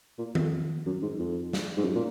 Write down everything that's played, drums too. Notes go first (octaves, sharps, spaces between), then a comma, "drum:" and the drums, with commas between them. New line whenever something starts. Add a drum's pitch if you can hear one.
A#2
F2, drum: tom D#3
F#2
G#2
F2
drum: snare
G#2
F#2
A#2